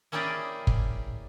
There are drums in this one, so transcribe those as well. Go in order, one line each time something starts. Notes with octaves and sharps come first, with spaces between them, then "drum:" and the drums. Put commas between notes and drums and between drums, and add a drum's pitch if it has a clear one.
A#3 C#4 E4 G4 G#4 D5
drum: kick